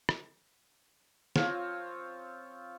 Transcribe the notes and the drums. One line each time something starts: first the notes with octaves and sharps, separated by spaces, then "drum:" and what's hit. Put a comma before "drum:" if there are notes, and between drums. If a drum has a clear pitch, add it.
drum: rim click
F3 C4 F4 C#5, drum: snare